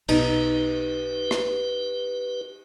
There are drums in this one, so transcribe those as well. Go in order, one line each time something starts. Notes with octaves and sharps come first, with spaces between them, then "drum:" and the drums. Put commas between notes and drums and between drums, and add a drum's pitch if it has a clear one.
B1 B2 D#4 G4 B4, drum: cymbal
drum: rim click